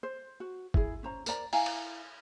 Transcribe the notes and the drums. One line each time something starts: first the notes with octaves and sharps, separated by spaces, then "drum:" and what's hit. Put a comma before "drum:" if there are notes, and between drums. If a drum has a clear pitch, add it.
C5
F#4
E4 G#4, drum: kick
C#4 C5 A#5
A#4 C5 D5 A#5, drum: tambourine
E4 F5 G#5 A#5, drum: open hi-hat
drum: cymbal